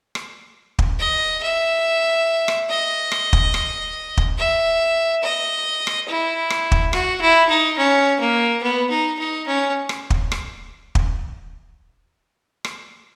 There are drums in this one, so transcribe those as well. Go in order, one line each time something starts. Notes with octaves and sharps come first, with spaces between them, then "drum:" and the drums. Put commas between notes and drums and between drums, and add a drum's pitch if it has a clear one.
drum: rim click
drum: kick
D#5
E5
drum: rim click
D#5
drum: rim click
drum: kick
drum: rim click
drum: kick
E5
D#5
drum: rim click
E4
drum: rim click
drum: kick
F#4, drum: rim click
E4
D#4
C#4
A#3
B3
D#4
D#4
C#4
drum: rim click
drum: kick
drum: rim click
drum: kick
drum: rim click